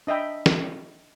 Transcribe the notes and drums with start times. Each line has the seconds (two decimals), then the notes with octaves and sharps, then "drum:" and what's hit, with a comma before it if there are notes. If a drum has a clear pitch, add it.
0.07 D4 D#5 E5 G5 B5
0.46 drum: snare